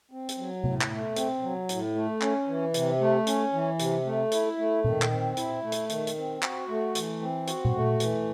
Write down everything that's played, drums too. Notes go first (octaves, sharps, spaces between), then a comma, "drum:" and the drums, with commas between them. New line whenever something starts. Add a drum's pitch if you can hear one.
C4
drum: hi-hat
F#3
A2, drum: tom C3
drum: clap
A3
C4, drum: hi-hat
F#3
A2, drum: hi-hat
A3
C#4, drum: clap
E3
C3, drum: hi-hat
A3
C#4, drum: hi-hat
E3
C3, drum: hi-hat
A3
E4, drum: hi-hat
A3
D#3, drum: tom A#2
drum: clap
C4
E4, drum: hi-hat
A3
drum: hi-hat
D#3, drum: hi-hat
drum: hi-hat
C4
F#4, drum: clap
A3
E3, drum: hi-hat
C4
F#4, drum: hi-hat
drum: tom A#2
A3
E3, drum: hi-hat